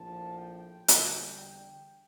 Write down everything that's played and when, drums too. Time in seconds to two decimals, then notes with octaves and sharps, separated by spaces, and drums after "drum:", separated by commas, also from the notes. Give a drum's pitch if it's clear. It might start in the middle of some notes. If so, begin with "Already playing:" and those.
Already playing: A#1 A2 F3 A5
0.39 G5
0.88 E2 D3 G3 D4, drum: hi-hat
1.39 G5